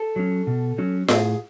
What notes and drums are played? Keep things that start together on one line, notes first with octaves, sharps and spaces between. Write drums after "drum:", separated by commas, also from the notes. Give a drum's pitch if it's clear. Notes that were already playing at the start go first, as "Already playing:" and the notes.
Already playing: A4
F#3 C#4
B2
F#3 C#4
A2 G#4, drum: snare F4